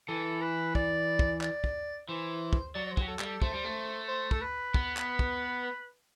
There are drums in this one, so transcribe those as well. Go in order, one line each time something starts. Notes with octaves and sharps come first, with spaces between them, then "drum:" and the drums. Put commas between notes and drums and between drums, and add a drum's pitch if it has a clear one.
E3 A4
B4
D5, drum: kick
drum: kick
D5, drum: clap
drum: kick
E3 C5
drum: kick
F#3 D5
D5
C5
F#3 G4, drum: kick
A4
G3, drum: clap
A4
A3 C5, drum: kick
G3
A3
C5
A4, drum: kick
B4
B3, drum: kick
drum: clap
drum: kick